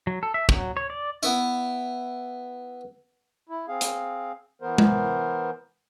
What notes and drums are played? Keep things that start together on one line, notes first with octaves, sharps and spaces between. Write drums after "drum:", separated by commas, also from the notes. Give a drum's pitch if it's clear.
F#3
A4
E5
F#3, drum: kick
C#5
D5
B3 E4, drum: tambourine
E4
C4 G#4 F5
drum: hi-hat
E3 B3 A#4 C5
drum: tom G#3